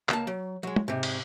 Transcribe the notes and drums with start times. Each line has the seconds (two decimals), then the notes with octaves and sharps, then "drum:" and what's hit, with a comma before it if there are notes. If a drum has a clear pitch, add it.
0.09 C#2 A#3 A5, drum: clap
0.27 F#3
0.63 F#3 G#3
0.76 drum: tom
0.88 G#2 C3
1.03 drum: cymbal